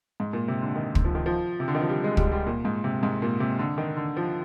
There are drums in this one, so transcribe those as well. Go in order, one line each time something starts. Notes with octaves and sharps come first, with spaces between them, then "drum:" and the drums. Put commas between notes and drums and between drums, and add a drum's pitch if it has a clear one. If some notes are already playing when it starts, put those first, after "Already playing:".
G#2
A#2
C3
D3
D#3
drum: kick
F3
D#3
F3
C3
D3
D#3
F3
G3
G#3
G3, drum: kick
G3
A#2
G#2
C3
G#2
A#2
C3
D3
D#3
D3
F3